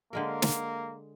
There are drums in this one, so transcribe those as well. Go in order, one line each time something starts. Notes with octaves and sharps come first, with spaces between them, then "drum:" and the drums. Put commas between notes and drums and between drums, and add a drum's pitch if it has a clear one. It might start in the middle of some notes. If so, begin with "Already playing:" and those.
D3 G#3 A#3 A#4
drum: snare